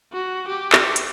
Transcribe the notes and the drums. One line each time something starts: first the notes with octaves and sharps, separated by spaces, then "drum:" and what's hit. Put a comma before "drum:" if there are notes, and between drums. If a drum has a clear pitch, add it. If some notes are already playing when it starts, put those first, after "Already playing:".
F#4
G4
drum: clap
drum: hi-hat